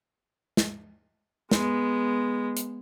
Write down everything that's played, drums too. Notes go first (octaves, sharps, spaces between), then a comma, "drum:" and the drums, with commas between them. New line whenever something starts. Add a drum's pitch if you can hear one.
drum: snare
G#3 B3, drum: snare
drum: hi-hat